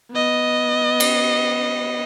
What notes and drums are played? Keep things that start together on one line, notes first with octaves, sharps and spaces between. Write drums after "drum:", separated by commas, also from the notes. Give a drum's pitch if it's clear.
B3 D#5
drum: cymbal